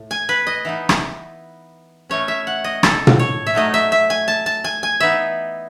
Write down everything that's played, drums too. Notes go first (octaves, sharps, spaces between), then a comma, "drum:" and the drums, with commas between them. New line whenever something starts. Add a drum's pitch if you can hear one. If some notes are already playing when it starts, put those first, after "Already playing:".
Already playing: A2
G#5
B4
D#5
E3 B3 D#4
drum: rim click
A2 E3 A3 C#4 C#5
E5
F#5
D#5
A4, drum: rim click
drum: tom
C#5
E5
A2 F#3 A3 D#4 D#5
E5
E5
G#5
A5
A5
G#5
G#5
E3 B3 D#4 E5